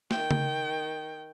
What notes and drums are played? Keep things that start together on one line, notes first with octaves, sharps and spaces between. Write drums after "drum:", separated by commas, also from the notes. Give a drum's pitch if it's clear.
D#3 G5, drum: snare
drum: tom C#3